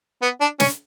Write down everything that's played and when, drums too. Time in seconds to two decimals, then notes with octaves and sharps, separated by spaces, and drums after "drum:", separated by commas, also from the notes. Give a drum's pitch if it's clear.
0.22 B3
0.40 D4
0.60 C#4, drum: snare